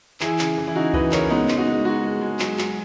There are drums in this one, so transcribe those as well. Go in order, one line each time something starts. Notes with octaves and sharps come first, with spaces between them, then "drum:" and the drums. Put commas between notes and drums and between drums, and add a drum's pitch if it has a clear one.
E3 E4 G#4, drum: clap
C#3, drum: clap
E3
E4
C#3 D#4 F#4
E3 B4 D#5, drum: kick C#2
C#3 A#4 C#5, drum: clap
G#3 B3 D#4
G#3, drum: clap
D#4 F#4
G#3
G#3 D#4 F#4
G#3
G#3
F#3, drum: clap
F#3, drum: clap